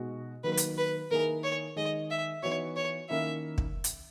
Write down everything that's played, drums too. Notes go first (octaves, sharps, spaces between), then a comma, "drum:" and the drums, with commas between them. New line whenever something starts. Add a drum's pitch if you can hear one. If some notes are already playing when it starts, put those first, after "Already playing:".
Already playing: B2 G#3 D#4 F#4
D#3 F#3 A#3 B4
drum: hi-hat
B4
D#3 A#3 E4 G#4 A#4
C#5
D#3 G#3 D#4 G#4 D#5
E5
E3 B3 D#4 F#4 C#5
C#5
D#3 A#3 C#4 E4 E5
drum: kick
drum: hi-hat